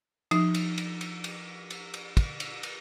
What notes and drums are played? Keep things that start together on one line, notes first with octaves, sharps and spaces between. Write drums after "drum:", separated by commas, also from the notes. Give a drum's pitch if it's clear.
F3 D#4, drum: cymbal
drum: cymbal
drum: cymbal
drum: cymbal
drum: cymbal
drum: cymbal
drum: cymbal
drum: kick, cymbal
drum: cymbal
drum: cymbal